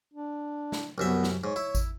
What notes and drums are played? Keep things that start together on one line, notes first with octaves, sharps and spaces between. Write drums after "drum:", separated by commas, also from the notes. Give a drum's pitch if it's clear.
D4
drum: snare
C2 F#2 B3 E5
drum: snare
G#2 C#5
E4
drum: kick G#1, tambourine